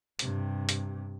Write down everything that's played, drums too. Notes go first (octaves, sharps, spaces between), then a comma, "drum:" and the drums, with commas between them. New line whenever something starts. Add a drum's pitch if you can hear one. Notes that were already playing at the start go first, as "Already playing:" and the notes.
G2 C3, drum: hi-hat
drum: hi-hat